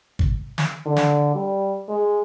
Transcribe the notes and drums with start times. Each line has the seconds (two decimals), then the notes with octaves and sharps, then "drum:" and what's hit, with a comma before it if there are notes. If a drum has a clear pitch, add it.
0.19 drum: kick
0.58 drum: snare
0.86 D3
0.96 drum: snare
1.35 G3
1.89 G#3